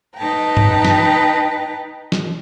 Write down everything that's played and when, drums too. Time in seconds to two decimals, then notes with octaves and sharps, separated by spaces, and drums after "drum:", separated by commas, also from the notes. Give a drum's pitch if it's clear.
0.16 D#4 B4 G5 A5 A#5
0.57 drum: tom G2
0.85 drum: snare
2.12 drum: snare